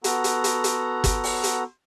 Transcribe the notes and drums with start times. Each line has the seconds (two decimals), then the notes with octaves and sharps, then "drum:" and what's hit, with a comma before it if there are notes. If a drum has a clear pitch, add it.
0.04 B3 F#4 A4 F#5 A#5, drum: hi-hat
0.24 drum: hi-hat
0.44 drum: hi-hat
0.64 drum: hi-hat
1.04 drum: kick, hi-hat
1.24 drum: open hi-hat
1.44 drum: hi-hat